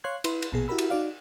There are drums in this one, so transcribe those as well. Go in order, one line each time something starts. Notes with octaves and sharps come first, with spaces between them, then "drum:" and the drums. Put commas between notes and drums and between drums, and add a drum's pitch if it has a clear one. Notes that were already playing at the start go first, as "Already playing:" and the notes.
C#5 F5 C6 F#6 G#6
E4 B4 C6, drum: cymbal
drum: cymbal
A#1 B2 G#4
E4 F#4 G4 A#4 B5 E6
drum: cymbal
D#4 F#4 D5 F5